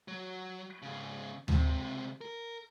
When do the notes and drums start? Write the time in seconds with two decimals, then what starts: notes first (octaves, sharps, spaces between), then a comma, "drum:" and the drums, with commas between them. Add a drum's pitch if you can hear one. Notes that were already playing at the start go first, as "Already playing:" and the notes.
0.08 F#3
0.82 G#2 C#3
1.48 C#2 C3, drum: tom D2
2.21 A#4